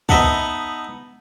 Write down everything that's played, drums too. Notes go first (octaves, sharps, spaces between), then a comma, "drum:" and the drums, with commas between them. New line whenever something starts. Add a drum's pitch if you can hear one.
B3 D#4 D#5 E5 F#5 A5, drum: kick